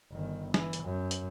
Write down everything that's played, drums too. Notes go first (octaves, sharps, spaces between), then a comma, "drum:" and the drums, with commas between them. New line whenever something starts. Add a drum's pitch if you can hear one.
G1 D#3
E3, drum: snare
drum: hi-hat
F#2
drum: hi-hat